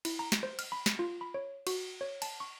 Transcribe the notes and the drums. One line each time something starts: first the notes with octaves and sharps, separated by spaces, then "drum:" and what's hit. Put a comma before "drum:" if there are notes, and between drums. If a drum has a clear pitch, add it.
E4, drum: cymbal
A#5
drum: snare
C5
F6, drum: cymbal
B5
drum: snare
F4
B5
C#5
F#4, drum: cymbal
C#5
A5, drum: cymbal
C#6